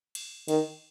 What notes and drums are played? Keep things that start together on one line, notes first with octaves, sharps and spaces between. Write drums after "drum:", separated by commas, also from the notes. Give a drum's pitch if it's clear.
drum: cymbal
D#3, drum: cymbal